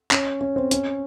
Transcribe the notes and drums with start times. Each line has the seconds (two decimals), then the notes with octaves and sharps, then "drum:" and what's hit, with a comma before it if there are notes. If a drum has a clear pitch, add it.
0.11 C#4, drum: clap
0.41 C#4
0.56 C4
0.71 C#4, drum: hi-hat